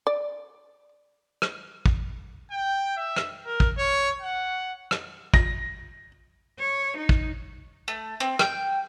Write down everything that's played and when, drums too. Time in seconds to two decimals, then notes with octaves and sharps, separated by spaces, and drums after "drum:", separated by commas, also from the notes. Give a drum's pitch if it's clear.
0.07 D5
1.42 drum: rim click
1.86 drum: kick
2.51 G5
2.97 E5
3.16 drum: rim click
3.46 A#4
3.60 drum: kick
3.78 C#5
4.21 F#5
4.91 drum: rim click
5.34 A#6, drum: kick
6.59 C#5
6.97 D#4
7.09 drum: kick
7.88 A3
8.20 C4
8.39 G5, drum: rim click